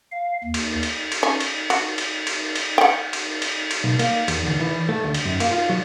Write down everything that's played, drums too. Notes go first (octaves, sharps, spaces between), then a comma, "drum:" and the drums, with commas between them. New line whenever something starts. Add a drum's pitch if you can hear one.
F5
D#2
drum: cymbal
drum: cymbal
drum: cymbal
C#4
drum: cymbal
F#4, drum: cymbal
drum: cymbal
drum: cymbal
drum: cymbal
F#5 G5
drum: cymbal
drum: cymbal
drum: cymbal
B1
A#3, drum: cymbal
E2, drum: cymbal
D2
E3
A3
D2
drum: cymbal
F#2
A#3, drum: cymbal
F4
F#3